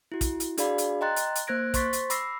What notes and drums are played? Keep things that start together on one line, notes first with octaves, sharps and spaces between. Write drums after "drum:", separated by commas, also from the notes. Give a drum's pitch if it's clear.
E4 F#4
drum: kick, hi-hat
drum: hi-hat
D4 F#4 G#4 D5 F5 B5, drum: hi-hat
drum: hi-hat
D#5 G5 A#5 C6 F#6 A6
drum: hi-hat
drum: hi-hat
A#3 C5 F#6 G#6 A#6 D7
C5 C6 C#6 A6 B6, drum: kick, hi-hat
drum: hi-hat
B5 D6 E6 A#6 C7, drum: hi-hat